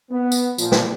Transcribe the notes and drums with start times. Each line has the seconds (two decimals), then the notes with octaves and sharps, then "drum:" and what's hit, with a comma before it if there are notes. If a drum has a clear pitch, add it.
0.10 B3
0.32 drum: tambourine
0.58 A#2 F3, drum: tambourine
0.72 drum: snare